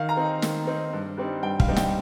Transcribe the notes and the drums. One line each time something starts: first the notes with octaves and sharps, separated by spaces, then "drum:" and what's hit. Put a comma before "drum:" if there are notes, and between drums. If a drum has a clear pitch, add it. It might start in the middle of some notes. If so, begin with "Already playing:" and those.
Already playing: D#3 F5
A#5
C4 D#4
D#3, drum: snare
C4 D#4
G2
G3 C4 D#4
G2 G5
F5, drum: kick
G3 C4 D#4
G5, drum: snare